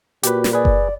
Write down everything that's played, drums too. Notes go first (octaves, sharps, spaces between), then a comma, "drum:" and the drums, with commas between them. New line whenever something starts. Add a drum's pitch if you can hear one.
A#2 F#4 G4 B4, drum: hi-hat
drum: snare
G#4 B4 D5
drum: kick F#1